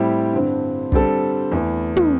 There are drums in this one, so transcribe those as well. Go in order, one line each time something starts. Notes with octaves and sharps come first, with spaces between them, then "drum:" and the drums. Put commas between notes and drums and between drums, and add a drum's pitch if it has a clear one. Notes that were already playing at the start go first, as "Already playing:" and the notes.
Already playing: A2 G3 C4 E4 G4
G2 D3 C4
D3 G3 C4 A4, drum: kick
E2 E3 A3
drum: tom